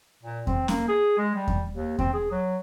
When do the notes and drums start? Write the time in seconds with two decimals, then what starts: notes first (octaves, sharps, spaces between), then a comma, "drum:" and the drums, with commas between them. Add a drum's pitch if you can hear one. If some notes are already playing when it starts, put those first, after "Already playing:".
0.23 A#2
0.47 C4, drum: kick E2
0.68 A#3, drum: snare C#4
0.88 G#4
1.18 G#3
1.35 G3
1.48 drum: kick E2
1.73 D#2
1.99 C4, drum: kick E2
2.14 G#4
2.31 F#3